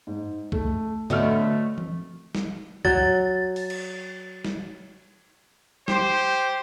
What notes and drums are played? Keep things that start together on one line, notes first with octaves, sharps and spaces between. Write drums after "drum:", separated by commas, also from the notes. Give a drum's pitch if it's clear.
G#2
A3, drum: kick C2
D3 F#3 A3 B3 D#5 E5 F6, drum: tom G#2
drum: tom E3
drum: snare
F#3 A6, drum: kick C2
drum: open hi-hat
drum: cymbal
drum: snare
G4 C5, drum: snare